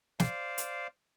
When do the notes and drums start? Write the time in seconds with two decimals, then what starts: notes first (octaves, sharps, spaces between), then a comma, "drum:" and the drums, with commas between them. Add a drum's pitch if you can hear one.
0.20 C5 D5 F5, drum: snare
0.58 drum: hi-hat